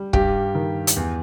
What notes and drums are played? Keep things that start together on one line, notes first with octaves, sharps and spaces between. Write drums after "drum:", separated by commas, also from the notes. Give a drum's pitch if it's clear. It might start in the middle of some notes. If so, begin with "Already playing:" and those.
Already playing: G3
G2 G4, drum: kick
D#3
drum: hi-hat
E2